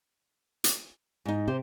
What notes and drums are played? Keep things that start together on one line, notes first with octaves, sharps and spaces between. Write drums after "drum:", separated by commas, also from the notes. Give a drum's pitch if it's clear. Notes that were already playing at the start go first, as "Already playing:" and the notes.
drum: hi-hat
G#2 D#4
C3 G4 C5